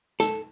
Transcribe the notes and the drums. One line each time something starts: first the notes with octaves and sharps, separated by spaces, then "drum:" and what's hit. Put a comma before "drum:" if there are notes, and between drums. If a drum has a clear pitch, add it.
A4, drum: snare